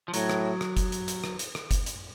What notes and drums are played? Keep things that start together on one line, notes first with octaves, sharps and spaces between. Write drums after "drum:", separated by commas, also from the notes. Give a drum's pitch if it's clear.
F3
A2 F#3, drum: hi-hat
drum: rim click
drum: rim click
drum: kick F#1, hi-hat
drum: hi-hat
drum: hi-hat
drum: rim click
drum: hi-hat
drum: rim click
drum: kick F#1, hi-hat
drum: hi-hat